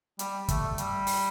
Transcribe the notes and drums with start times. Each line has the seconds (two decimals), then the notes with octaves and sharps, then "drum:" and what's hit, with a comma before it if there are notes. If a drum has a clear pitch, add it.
0.19 G3, drum: hi-hat
0.48 A3, drum: kick, hi-hat
0.78 G3, drum: hi-hat
1.07 drum: open hi-hat